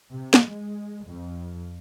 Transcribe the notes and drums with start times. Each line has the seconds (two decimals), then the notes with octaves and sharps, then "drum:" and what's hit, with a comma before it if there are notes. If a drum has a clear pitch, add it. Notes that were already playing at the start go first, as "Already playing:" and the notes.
0.11 C3
0.34 drum: snare
0.45 G#3
1.05 F2